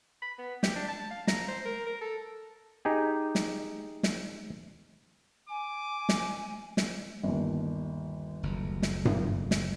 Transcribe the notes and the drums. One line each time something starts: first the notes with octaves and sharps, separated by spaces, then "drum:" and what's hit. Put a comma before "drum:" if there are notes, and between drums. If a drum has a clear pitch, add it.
B5
B3
G4, drum: snare
D4
A5
F5
A#5, drum: snare
C5
A#4
A#4
A4
D#4 G4 G#4
drum: snare
drum: snare
G#5 D6
drum: snare
drum: snare
G1 D#2
F#1 D2
drum: snare
drum: tom G2
drum: snare